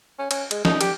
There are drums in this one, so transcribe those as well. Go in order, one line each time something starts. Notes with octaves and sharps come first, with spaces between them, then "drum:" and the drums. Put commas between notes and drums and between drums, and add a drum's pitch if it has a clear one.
C#4
C#4, drum: cymbal
G#3, drum: cymbal
D#4, drum: snare
G4, drum: cymbal